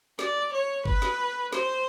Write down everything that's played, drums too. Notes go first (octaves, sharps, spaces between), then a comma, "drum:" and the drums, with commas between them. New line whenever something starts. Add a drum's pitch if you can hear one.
D5, drum: snare
C#5
B4, drum: kick G1
drum: snare
C5, drum: snare